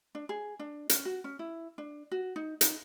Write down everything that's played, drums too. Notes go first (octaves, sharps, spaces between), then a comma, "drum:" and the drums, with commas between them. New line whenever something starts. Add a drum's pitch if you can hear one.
D4
G#4
D4
C#4, drum: hi-hat
F#4
C#4
E4
D4
F#4
D#4
D#4, drum: hi-hat